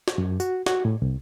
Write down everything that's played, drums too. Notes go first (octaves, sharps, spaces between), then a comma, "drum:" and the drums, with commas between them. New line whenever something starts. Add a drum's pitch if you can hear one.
drum: snare
F#2
F#4, drum: tambourine
F#4, drum: snare
A2
C2